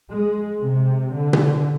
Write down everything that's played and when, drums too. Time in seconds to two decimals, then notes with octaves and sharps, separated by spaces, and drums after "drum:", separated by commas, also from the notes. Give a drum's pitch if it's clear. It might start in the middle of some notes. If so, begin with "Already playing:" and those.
0.11 G#3
0.62 C3
1.14 D3
1.33 drum: tom B2